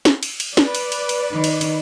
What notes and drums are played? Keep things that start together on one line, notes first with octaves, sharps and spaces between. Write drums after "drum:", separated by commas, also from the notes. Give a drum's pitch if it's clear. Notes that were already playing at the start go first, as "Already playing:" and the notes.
drum: snare
drum: cymbal
drum: cymbal
B4 D5, drum: snare
drum: cymbal
drum: cymbal
drum: cymbal
D#3
drum: cymbal
drum: cymbal